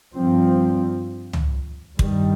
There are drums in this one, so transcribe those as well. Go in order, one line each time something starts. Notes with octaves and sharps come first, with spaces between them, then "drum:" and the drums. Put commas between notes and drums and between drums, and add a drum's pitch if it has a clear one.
G2 F3 C4
drum: tom C#2
G2 D#3 G3, drum: kick